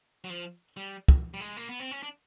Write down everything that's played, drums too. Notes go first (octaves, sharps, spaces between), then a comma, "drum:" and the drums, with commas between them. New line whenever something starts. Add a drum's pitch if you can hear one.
F#3
F3
G3
drum: kick
G3
G#3
A#3
B3
C4
C#4
D4